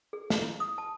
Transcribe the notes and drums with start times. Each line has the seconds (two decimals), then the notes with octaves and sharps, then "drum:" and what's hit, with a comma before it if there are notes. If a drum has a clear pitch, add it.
0.13 G#4
0.30 F5, drum: snare
0.42 E4
0.60 D#6
0.78 A5